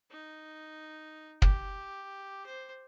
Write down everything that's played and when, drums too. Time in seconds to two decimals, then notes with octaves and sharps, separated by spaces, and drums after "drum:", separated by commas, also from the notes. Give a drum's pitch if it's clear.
0.11 D#4
1.42 G4, drum: kick
2.46 C5